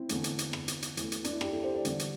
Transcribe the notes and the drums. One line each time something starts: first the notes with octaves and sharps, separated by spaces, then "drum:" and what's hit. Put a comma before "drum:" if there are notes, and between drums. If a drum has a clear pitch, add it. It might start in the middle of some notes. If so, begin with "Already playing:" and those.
Already playing: C4 E4
E2 D3 A3, drum: hi-hat
drum: hi-hat
drum: hi-hat
drum: rim click
drum: hi-hat
drum: hi-hat
E2 E3 A3, drum: hi-hat
drum: hi-hat
D4, drum: hi-hat
E4
D4 G4, drum: rim click
E4 A4
G4 C5
A4 D5
E2 D3 G3, drum: hi-hat
drum: hi-hat